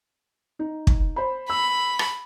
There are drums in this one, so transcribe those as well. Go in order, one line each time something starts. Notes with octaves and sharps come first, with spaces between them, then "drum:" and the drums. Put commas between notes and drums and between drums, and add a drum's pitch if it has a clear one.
D#4
drum: kick
C5 B5
B5 E6
drum: rim click